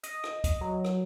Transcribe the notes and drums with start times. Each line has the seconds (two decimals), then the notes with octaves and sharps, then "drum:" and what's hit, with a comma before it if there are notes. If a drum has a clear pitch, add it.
0.03 D#5, drum: hi-hat
0.24 drum: rim click
0.44 drum: kick D2, hi-hat
0.61 F#3
0.85 drum: rim click